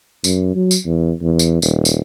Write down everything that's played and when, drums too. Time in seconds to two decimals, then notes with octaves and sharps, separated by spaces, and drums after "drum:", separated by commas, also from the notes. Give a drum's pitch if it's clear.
0.24 F#2, drum: tambourine
0.56 F#3
0.71 drum: tambourine
0.86 E2
1.22 E2
1.39 drum: tambourine
1.62 D#1, drum: tambourine
1.85 drum: tambourine